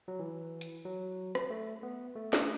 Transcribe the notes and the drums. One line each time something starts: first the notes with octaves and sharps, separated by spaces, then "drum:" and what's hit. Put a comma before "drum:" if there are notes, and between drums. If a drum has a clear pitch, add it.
F#3
E3
drum: hi-hat
F#3
drum: rim click
A3
B3
A3
drum: snare